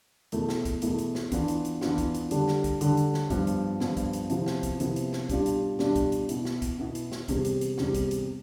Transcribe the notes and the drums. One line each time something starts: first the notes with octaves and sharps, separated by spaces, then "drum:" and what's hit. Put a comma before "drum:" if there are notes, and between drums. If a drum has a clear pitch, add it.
E2 B2 A3 E4, drum: hi-hat
drum: snare
drum: kick C2, hi-hat
E2 B2 A3 E4, drum: hi-hat
drum: hi-hat
drum: snare
E3 B3 D4 F4, drum: kick C2, hi-hat
drum: hi-hat
drum: hi-hat
E3 B3 D4 F4, drum: snare
drum: kick C2, hi-hat
drum: hi-hat
D3 G3 D4, drum: hi-hat
drum: snare
drum: kick C2, hi-hat
D3 G3 D4, drum: hi-hat
drum: hi-hat
drum: snare
G2 F3 B3, drum: kick C2, hi-hat
drum: hi-hat
G2 F3 B3, drum: snare
drum: kick C2, hi-hat
drum: hi-hat
C3 F3 B3 E4, drum: hi-hat
drum: snare
drum: kick C2, hi-hat
C3 F3 B3 E4, drum: hi-hat
drum: hi-hat
drum: snare
B2 G3 D4 F4, drum: kick C2, hi-hat
drum: hi-hat
B2 G3 D4 F4, drum: snare
drum: kick C2, hi-hat
drum: hi-hat
B2 B3 E4, drum: hi-hat
drum: snare
drum: kick C2, hi-hat
B2 B3 E4
drum: hi-hat
drum: snare
E2 C3 G3, drum: kick C2, hi-hat
drum: hi-hat
drum: hi-hat
E2 C3 G3, drum: snare
drum: kick C2, hi-hat
drum: hi-hat